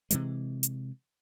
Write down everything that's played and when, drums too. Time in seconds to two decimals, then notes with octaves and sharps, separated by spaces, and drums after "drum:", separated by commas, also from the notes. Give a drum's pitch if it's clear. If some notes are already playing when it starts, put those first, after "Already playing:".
0.11 C3 E3 G#3, drum: hi-hat
0.63 drum: hi-hat